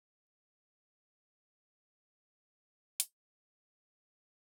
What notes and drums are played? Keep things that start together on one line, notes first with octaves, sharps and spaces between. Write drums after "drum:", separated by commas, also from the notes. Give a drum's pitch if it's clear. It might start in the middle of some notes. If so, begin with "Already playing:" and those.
G2
E3 G3
G2
E3 G3
G2
E3 G3
G2
E3 G3
A2
F#3 A3
A2
F#3 A3
A2
F#3 A3
A2
F#3 A3, drum: hi-hat
E2
C3 G3
E2
C3 G3
E2
C3 G3
E2